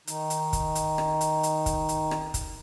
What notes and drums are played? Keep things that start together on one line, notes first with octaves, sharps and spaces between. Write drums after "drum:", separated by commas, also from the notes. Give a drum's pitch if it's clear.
D#3 D#4, drum: hi-hat
drum: hi-hat
drum: kick, hi-hat
drum: hi-hat
drum: rim click
drum: hi-hat
drum: hi-hat
drum: kick, hi-hat
drum: hi-hat
drum: rim click
drum: kick, hi-hat